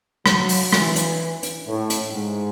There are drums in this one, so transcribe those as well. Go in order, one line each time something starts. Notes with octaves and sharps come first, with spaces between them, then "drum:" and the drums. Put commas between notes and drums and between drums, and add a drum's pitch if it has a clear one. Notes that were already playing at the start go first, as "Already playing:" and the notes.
F#3, drum: rim click
drum: open hi-hat
E3, drum: rim click
drum: hi-hat
drum: hi-hat
A2
drum: hi-hat
G#2